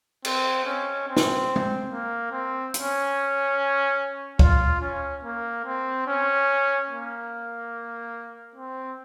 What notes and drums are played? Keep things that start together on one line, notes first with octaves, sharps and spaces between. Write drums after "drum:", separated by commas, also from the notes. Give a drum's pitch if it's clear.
C4, drum: cymbal
C#4
C4
drum: snare
drum: tom G#3
A#3
C4
C#4, drum: hi-hat
F4, drum: kick
C#4
A#3
C4
C#4
A#3
C4